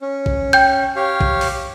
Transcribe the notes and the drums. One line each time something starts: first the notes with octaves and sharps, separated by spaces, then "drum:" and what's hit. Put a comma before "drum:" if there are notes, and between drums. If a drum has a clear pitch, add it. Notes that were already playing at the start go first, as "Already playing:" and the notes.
C#4
drum: kick
G5 G6
G4 C#5 F5
drum: kick
drum: open hi-hat